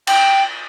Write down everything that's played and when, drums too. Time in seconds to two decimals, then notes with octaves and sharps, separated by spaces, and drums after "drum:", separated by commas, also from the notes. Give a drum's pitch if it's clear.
0.07 G5, drum: cymbal